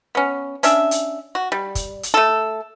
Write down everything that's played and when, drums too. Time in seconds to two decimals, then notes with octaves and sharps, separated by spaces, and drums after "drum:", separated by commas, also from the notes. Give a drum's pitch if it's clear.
0.15 B3 C#4
0.63 C#4 D4 E5, drum: hi-hat
0.91 drum: hi-hat
1.35 F#4
1.52 G3
1.75 drum: kick, hi-hat
2.03 drum: hi-hat
2.14 A3 A4